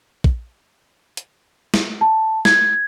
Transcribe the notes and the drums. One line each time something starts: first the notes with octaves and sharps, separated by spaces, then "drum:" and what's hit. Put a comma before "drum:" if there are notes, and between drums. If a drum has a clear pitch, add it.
drum: kick
drum: hi-hat
drum: snare
A5
G#6, drum: snare